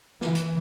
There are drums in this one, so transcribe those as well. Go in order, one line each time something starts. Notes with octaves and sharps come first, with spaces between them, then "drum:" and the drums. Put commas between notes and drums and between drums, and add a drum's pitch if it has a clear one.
E3, drum: snare
drum: hi-hat